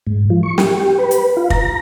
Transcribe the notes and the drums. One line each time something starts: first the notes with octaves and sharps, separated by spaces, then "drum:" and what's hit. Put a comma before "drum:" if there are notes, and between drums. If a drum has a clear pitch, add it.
G#2
F3
C#6
G4, drum: snare
G4
B4
drum: hi-hat
F4
A#5, drum: kick